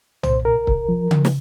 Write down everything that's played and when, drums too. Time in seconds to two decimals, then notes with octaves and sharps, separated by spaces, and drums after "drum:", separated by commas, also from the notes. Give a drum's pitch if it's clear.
0.23 A#2 C5, drum: tom
0.45 C2 A#4
0.67 C2, drum: kick C#1
0.89 F3
1.11 F3, drum: tom C#3
1.25 drum: snare